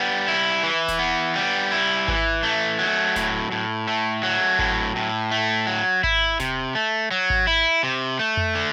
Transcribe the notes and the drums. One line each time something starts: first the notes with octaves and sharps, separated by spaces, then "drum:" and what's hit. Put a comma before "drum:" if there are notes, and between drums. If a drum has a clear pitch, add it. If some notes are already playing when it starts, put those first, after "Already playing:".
Already playing: G3 B3
E4
E3
drum: snare D#1
B3
G3
E4
E3, drum: kick G#1
A3
F#3
A2, drum: snare D#1
A2
A3
F#3
A2, drum: kick G#1
A2
A3
F#3
E4, drum: kick G#1
C3, drum: snare D#1
A3
F#3
drum: kick G#1
E4
C3
A3
drum: tom F2
D3